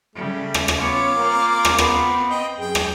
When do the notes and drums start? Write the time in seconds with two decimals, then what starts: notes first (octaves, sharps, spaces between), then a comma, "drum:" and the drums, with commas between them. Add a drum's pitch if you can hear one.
0.15 C#3 G3 A3
0.54 drum: rim click
0.68 drum: rim click
0.78 B3 C#4 F4 C#5 D6
1.17 A#3 C4
1.65 drum: rim click
1.78 B3, drum: rim click
2.30 D#5 G5
2.59 F#2 G#4 G5
2.75 drum: rim click